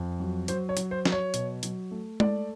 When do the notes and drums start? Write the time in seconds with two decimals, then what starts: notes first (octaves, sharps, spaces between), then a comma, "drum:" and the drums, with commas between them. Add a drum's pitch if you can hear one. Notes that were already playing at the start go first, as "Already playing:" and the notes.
Already playing: F2
0.20 F#3
0.48 F#3 C5, drum: hi-hat
0.69 C#5
0.77 F#3, drum: hi-hat
0.91 C5
1.05 F#3, drum: snare
1.12 C#5
1.34 B2, drum: hi-hat
1.63 F#3, drum: hi-hat
1.91 A3
2.20 A3 D5, drum: tom G#3